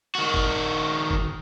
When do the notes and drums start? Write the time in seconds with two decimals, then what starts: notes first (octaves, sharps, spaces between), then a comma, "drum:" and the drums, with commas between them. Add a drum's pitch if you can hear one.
0.15 D#3 F#4
0.34 drum: kick F1
1.10 drum: kick F1